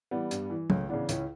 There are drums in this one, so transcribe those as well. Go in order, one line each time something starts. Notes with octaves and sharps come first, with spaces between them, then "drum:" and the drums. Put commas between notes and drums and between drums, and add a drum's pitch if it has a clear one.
E3 G3 B3
G2, drum: hi-hat
E3
C#2 A3 C#4, drum: tom
C#3 E3 B3 D4
C#2 C#4 E4, drum: hi-hat